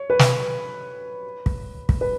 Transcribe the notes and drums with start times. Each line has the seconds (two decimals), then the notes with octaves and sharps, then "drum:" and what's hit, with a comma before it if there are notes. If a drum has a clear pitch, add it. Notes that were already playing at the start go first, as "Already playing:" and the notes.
Already playing: C#5
0.10 B4
0.19 drum: snare
1.46 drum: kick
1.89 drum: kick
2.01 B4